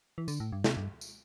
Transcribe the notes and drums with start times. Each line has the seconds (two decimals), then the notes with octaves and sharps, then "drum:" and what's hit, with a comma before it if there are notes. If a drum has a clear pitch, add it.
0.18 E3
0.28 D3, drum: tambourine
0.40 A2
0.52 G2
0.64 C3, drum: snare
0.77 G2
1.01 drum: tambourine